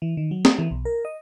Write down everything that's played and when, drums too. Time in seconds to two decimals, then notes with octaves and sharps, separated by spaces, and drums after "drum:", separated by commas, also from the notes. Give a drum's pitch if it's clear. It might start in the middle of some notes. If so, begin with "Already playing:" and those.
0.02 E3
0.17 D#3
0.31 F#3
0.45 D#6, drum: snare
0.58 E3
0.71 B1
0.85 A#4
1.05 D#5